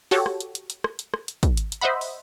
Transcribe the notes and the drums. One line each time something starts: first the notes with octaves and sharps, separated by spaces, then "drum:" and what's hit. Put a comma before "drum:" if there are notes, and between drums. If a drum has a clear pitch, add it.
F#4 G4 A4 C#5, drum: open hi-hat
drum: rim click
drum: hi-hat
drum: hi-hat
drum: hi-hat
drum: rim click
drum: hi-hat
drum: rim click
drum: hi-hat
drum: kick, hi-hat
drum: hi-hat
drum: hi-hat
C5 D#5 E5 F#5 B5
drum: open hi-hat